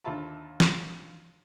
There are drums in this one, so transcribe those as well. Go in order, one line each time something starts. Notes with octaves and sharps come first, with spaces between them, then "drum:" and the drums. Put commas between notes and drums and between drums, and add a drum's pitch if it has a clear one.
D#2 D3 F4 E5 A5 B5
drum: snare